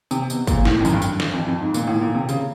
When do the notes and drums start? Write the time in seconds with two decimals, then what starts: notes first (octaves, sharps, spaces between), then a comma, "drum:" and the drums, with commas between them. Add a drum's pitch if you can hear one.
0.11 C3, drum: tambourine
0.30 B2, drum: tambourine
0.47 A#2, drum: kick, tambourine
0.65 A2, drum: snare
0.78 F2
0.85 F#2, drum: tambourine
0.92 G2
1.02 drum: tambourine
1.20 drum: snare
1.33 F2
1.46 F2
1.61 G#2
1.74 A#2, drum: tambourine
1.87 A2
2.01 A#2
2.15 C3
2.29 C#3, drum: tambourine